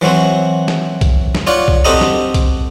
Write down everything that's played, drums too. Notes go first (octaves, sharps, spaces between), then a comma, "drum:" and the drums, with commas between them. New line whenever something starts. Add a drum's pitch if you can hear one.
E3 F#3 C4 F#4
drum: snare
drum: kick B1, hi-hat
drum: snare
F4 C#5 D5 F#5
drum: kick B1
C4 F#4 G4 A4 D#5 A#5
drum: snare
drum: kick B1, hi-hat